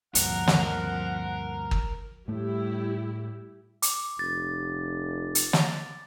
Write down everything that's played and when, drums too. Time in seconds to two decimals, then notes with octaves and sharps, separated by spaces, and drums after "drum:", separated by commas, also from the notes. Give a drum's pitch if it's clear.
0.15 D2 G2 A#2 F3 C4 A#4 F#5, drum: hi-hat
0.47 drum: snare
1.71 drum: kick
2.28 A2 G3 A3 E4 G4
3.82 D6, drum: hi-hat
4.19 F1 A6
5.35 drum: hi-hat
5.53 drum: snare